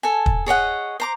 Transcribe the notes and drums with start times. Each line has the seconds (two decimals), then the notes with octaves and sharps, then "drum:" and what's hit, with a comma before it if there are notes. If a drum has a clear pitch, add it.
0.03 A4 G#5
0.26 drum: kick
0.46 G#4 C#5 D#5 F#5
1.00 C5 A#5 D6